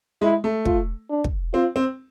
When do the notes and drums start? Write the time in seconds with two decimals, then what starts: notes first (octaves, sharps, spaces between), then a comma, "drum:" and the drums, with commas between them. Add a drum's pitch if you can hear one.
0.22 G#3 E4
0.44 A3
0.65 F4, drum: kick
1.10 D4
1.24 drum: kick
1.54 C4 F4
1.76 C4